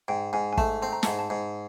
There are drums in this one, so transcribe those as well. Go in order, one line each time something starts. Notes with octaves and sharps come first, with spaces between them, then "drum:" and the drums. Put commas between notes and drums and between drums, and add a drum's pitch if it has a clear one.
G#2 G5
G#2 G#5
G#5
A3 A5, drum: kick
C4 A5
A#5
G#2 A5, drum: snare
A5
G#2